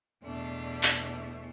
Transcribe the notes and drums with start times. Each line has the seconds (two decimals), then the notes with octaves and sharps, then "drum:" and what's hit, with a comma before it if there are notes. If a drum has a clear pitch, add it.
0.23 E2 B2 A3 D4
0.83 drum: clap